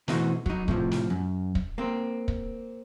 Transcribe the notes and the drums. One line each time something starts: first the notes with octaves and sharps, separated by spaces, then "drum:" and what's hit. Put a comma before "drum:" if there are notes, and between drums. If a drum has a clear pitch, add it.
B2 E3 A3 C4 D#4 F#4, drum: snare
F#3 D#4, drum: kick
A2 C3 F3, drum: kick
drum: snare
F#2
drum: kick
A#3 C4
drum: kick